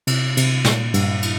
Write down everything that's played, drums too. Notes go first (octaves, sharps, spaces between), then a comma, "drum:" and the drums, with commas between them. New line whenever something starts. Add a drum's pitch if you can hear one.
C3, drum: cymbal
C3, drum: cymbal
A#2, drum: snare
G2, drum: cymbal
drum: cymbal